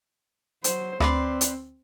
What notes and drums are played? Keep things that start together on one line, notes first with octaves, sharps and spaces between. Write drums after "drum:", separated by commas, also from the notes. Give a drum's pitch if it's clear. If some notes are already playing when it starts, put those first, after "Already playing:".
F#3 C5, drum: hi-hat
D2 C4 B4 D5 C6, drum: rim click
drum: hi-hat